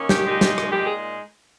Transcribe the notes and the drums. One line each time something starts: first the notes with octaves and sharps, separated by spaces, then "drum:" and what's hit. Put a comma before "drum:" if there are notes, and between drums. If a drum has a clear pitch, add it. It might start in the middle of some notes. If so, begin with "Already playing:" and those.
Already playing: D#3 A#3 C#4
G4, drum: snare
A#2 G#3 D#4
drum: snare
drum: rim click
A#2 G#3 D#4 G4
G#4